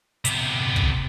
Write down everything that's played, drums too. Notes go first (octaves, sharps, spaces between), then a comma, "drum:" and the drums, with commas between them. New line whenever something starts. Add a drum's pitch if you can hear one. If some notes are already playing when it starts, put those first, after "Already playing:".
C3 B3, drum: hi-hat
drum: kick